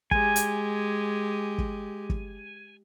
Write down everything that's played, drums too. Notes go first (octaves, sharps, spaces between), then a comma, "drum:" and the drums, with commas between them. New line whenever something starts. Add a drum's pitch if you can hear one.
G#3 G4 G#5, drum: kick
drum: hi-hat
drum: kick
drum: kick